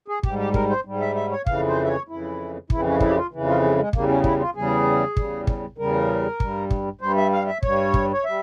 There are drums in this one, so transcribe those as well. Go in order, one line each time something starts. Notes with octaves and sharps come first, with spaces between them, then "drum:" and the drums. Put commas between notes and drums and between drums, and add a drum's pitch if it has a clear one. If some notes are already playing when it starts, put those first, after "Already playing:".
G#4
G#2 G3 G4, drum: kick
G4
A#4, drum: kick
C5
G#2 G3
E5
E5
C#5
F2 C#3 E3 F5, drum: kick
C5
E5
C#5
F2 C#3 E3 E4
F2 C#3 E3 E4, drum: kick
C4
C#4
E4, drum: kick
G4
F4
F2 C#3 E3
F4
G#3
G#3
E2 C#3 G3 A#3, drum: kick
C#4
E4, drum: kick
F4
E2 C#3 G3 G#4
E2 C#3 G3, drum: kick
drum: kick
E2 C#3 G3 A#4
G2 G3, drum: kick
drum: kick
G2 G3 C5
E5
F5
E5
G2 G3 C#5, drum: kick
drum: kick
C#5
G3 E5